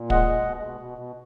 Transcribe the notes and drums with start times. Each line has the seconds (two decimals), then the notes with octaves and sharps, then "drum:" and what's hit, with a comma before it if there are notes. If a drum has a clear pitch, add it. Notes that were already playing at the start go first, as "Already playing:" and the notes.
Already playing: A#2
0.10 G#3 D#5 F#5, drum: kick
0.28 G#3
0.45 B2
0.63 B2
0.81 B2
0.98 B2